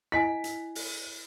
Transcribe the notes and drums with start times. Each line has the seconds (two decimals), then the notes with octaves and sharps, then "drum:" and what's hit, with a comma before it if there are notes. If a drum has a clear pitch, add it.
0.12 E4 D#5 G#5 B6
0.44 drum: hi-hat
0.75 drum: open hi-hat